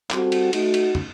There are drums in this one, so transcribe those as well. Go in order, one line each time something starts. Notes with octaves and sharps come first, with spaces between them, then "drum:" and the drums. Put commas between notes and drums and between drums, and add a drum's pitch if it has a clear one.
G3 C4 F#4 A4, drum: clap
drum: cymbal
A3 D#4 F#4, drum: cymbal
drum: cymbal
drum: tom